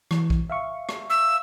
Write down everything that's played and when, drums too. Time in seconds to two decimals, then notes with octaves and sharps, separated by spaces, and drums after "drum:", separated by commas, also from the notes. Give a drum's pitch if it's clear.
0.11 E3, drum: rim click
0.30 drum: kick A#1
0.50 E5 F5 C#6
0.89 drum: rim click
1.10 E6